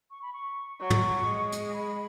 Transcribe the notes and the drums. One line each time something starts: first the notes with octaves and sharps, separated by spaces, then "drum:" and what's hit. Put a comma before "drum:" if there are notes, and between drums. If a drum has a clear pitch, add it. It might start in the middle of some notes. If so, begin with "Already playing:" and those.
C#6
B5
C#6
F#3 C#6
drum: tom
G#3
drum: hi-hat
B5